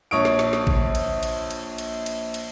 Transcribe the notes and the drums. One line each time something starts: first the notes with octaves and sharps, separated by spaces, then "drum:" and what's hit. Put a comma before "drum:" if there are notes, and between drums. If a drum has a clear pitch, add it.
A#1 C#5 D#6 D7
drum: snare
drum: snare
drum: snare
drum: kick
drum: cymbal
drum: cymbal
drum: cymbal
drum: cymbal
drum: cymbal
drum: cymbal